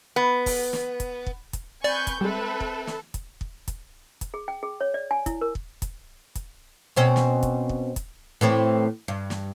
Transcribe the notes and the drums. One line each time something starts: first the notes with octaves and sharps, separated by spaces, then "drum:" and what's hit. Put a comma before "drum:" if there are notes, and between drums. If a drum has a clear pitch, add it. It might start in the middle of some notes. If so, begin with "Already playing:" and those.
B3
drum: kick, open hi-hat
drum: snare
drum: kick, hi-hat
drum: kick
drum: kick, hi-hat
C4 B4 D5 G#5 C#6 G6
drum: kick, hi-hat
G3 G#3 C4 A4 B4 E5
drum: kick
drum: snare
drum: kick, hi-hat
drum: kick
drum: kick, hi-hat
drum: kick, hi-hat
G#4
G5
G#4
C#5
D5
G#5
E4, drum: kick, hi-hat
A#4
drum: kick
drum: kick, hi-hat
drum: kick, hi-hat
B2 C4 C#4
drum: snare
drum: kick, hi-hat
drum: kick
drum: kick, hi-hat
A2 E3 C4
G2
drum: snare